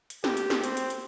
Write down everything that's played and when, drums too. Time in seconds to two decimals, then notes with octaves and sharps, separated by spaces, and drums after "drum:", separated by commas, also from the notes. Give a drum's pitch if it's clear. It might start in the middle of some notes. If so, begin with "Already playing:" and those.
0.10 drum: hi-hat
0.24 G4, drum: snare
0.37 drum: hi-hat
0.50 drum: snare
0.64 C4, drum: hi-hat
0.77 drum: hi-hat
0.90 drum: hi-hat